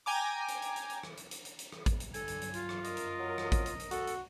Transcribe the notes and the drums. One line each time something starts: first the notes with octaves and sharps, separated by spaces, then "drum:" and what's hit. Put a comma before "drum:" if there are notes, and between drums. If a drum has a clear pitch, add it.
G5 G#5 A#5 D6
drum: hi-hat
drum: hi-hat
drum: hi-hat
drum: hi-hat
drum: rim click
drum: hi-hat
drum: hi-hat
drum: hi-hat
drum: hi-hat
drum: rim click
drum: kick, hi-hat
drum: hi-hat
G2 D3 F#3 A4 G#5, drum: hi-hat
drum: hi-hat
drum: hi-hat
F4, drum: hi-hat
drum: rim click
F#2 A#4 D#5, drum: hi-hat
drum: hi-hat
F#3
drum: rim click
drum: kick, hi-hat
drum: hi-hat
drum: hi-hat
F#4 A4, drum: hi-hat
drum: hi-hat